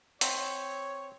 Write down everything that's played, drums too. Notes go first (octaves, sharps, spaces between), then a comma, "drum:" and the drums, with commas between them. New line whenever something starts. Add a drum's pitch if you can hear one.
C4 C#5, drum: hi-hat